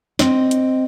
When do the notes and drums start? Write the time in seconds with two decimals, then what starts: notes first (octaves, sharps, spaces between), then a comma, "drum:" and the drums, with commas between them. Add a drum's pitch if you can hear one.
0.19 C4 D#5, drum: snare
0.51 drum: hi-hat